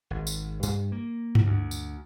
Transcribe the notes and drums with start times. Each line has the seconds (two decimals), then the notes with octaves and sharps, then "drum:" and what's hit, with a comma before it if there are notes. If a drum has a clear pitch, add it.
0.10 G#1
0.27 drum: tambourine
0.63 G2, drum: tambourine
0.92 A#3
1.35 drum: tom G2
1.46 D2
1.71 drum: tambourine